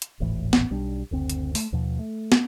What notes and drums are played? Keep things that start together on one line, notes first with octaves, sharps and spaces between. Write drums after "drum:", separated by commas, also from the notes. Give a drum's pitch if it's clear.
drum: hi-hat
D#1 G#1 A2 E3
drum: snare
B1 G3 D4
F#1 D2 C4
drum: hi-hat
A3, drum: open hi-hat
D#2 B2 F3
A3
drum: snare